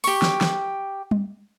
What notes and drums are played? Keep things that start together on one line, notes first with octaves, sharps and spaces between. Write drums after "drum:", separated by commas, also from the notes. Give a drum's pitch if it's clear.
G4 C#6, drum: open hi-hat
drum: snare
drum: snare
drum: tom G3